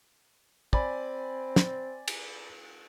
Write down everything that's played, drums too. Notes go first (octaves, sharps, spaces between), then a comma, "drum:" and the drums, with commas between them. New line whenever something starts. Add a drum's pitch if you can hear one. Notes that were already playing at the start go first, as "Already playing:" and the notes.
C4 D5 G#5 B5, drum: kick
drum: snare
drum: cymbal